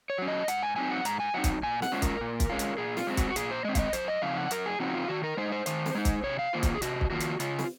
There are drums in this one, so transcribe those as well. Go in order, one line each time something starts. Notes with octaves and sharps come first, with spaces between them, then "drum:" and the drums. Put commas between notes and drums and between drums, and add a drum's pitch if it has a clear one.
C#5
F#3 C#4
D#5
G#2 F#5, drum: hi-hat
G#5
F#3 C4 D#4 G#5
F#5
G#2 A#5, drum: hi-hat
G#5
F#3 C4 D#4 F#5
drum: kick, hi-hat
A#2 G#5
F#5, drum: snare
G#3 C#4 F4 C5
A#4, drum: kick, hi-hat
A#2
drum: kick, hi-hat
G#3 C#4 F4
drum: hi-hat
A#2 G#4
F4, drum: snare
G#3 C4
F#4, drum: kick, hi-hat
F#4
A#2 G#4, drum: hi-hat
C5
G#3 C4 D#5
F5, drum: kick, hi-hat
D#5
F#2 C5, drum: hi-hat
D#5
C#3 F3 C4 D#4 F5
F#5
F#2 A#4, drum: hi-hat
G#4
C#3 F3 C4 D#4 F#4
F4
D#3 F#4
A#4
G#3 D#4 C5
C5
D#3 C5, drum: hi-hat
drum: snare
G#3 D#4
drum: kick, hi-hat
C3 C#5
F5
D#3 A#3 F4 C5
drum: kick, hi-hat
G#4
C3 F#4, drum: hi-hat
drum: kick
D#3 A#3 F4 F#4
drum: hi-hat
C#3 F4, drum: hi-hat
drum: snare